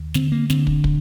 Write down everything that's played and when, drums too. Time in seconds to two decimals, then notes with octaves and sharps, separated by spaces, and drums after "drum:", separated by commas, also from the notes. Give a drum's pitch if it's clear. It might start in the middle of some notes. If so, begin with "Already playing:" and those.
Already playing: D#2
0.14 D3 C4, drum: snare
0.32 A#3
0.50 D3 C4, drum: snare
0.67 drum: kick
0.84 drum: kick